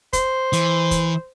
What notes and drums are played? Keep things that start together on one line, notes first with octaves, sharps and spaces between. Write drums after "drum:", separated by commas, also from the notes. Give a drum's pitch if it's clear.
C5, drum: kick, hi-hat
E3, drum: hi-hat
drum: kick, hi-hat